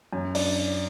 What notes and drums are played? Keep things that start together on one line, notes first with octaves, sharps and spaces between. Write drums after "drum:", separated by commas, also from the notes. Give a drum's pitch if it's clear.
F#2
D4 D5, drum: open hi-hat